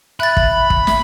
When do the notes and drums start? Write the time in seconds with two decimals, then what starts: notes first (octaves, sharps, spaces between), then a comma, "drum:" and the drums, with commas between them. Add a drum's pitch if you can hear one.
0.20 E5 B5 F#6 A6
0.37 drum: kick
0.70 drum: kick
0.87 drum: snare